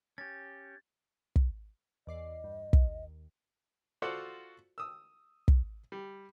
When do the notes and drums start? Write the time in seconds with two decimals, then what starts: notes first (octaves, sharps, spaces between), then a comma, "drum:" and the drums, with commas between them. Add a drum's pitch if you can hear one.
0.18 C#4 G4 A6
1.36 drum: kick
2.07 E2 D5 D#5 C7
2.44 G2
2.73 D#2, drum: kick
4.02 F4 F#4 A4 C5 D5 F#5
4.78 D#6 E6
5.48 drum: kick
5.92 G3